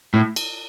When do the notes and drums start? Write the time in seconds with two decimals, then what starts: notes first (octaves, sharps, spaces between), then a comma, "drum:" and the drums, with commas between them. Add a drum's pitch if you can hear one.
0.14 A2
0.36 drum: cymbal